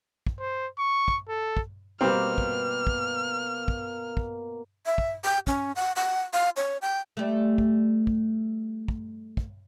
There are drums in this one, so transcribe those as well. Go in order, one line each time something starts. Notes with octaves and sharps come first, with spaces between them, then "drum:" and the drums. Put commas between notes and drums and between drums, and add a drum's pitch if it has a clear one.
drum: kick
C5
C#6
drum: kick
A4
drum: kick
B2 G3 A#3 C4 F6
drum: kick
drum: kick
drum: kick
drum: kick
E5
drum: kick
G5
C#4, drum: kick
F#5
F#5
F5
C#5
G5
G3 A3
drum: kick
drum: kick
drum: kick
drum: kick